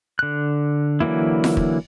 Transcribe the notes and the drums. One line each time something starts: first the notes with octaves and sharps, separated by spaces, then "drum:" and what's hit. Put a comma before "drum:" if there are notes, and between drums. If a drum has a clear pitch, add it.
D3 F#6
D3 E3 F#3 A#3 E4
drum: snare F4
drum: kick